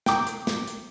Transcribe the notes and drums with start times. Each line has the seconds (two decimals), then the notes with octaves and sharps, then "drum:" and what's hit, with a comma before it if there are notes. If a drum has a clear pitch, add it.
0.06 G5 D6, drum: snare
0.27 drum: hi-hat
0.47 drum: snare
0.68 drum: hi-hat